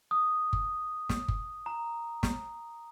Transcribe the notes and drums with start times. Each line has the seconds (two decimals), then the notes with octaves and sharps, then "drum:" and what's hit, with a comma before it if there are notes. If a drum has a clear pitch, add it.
0.11 D#6
0.53 drum: kick G1
1.09 drum: snare
1.28 drum: kick G1
1.66 A#5
2.23 drum: snare